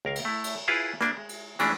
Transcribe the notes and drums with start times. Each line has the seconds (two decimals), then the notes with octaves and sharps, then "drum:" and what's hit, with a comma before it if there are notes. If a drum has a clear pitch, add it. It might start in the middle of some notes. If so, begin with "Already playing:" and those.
0.05 C#2 A#4 F5
0.16 drum: cymbal
0.25 A3 E4
0.44 drum: cymbal
0.68 E4 F4 G#4 B4
1.01 A#3 D4, drum: rim click
1.17 G#3
1.29 drum: cymbal
1.59 E3 G#3 A3 C#4 D4 F4, drum: cymbal